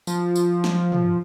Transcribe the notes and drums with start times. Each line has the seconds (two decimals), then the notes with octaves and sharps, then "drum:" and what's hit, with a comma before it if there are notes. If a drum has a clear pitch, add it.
0.07 F3, drum: tambourine
0.36 drum: tambourine
0.64 drum: snare
0.92 drum: tom